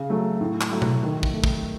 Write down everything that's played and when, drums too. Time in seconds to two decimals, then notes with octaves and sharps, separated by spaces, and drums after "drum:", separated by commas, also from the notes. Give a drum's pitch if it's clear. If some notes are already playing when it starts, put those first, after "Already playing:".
Already playing: C#3
0.10 F#3 A3
0.41 A2
0.61 drum: clap
0.72 F#3 A3
0.82 drum: tom B2
1.03 D#3
1.23 drum: kick
1.34 A3
1.44 drum: kick